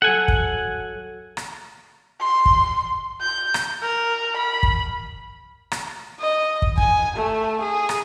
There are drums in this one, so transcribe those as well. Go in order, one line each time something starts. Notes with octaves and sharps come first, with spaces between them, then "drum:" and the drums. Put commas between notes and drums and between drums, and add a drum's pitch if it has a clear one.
F#3 A4 F#5 G#5
drum: kick
drum: rim click
C6
drum: kick
G6
drum: rim click
A#4
B5
drum: kick
drum: rim click
D#5
drum: kick
G#5, drum: kick
A3
G#4
drum: rim click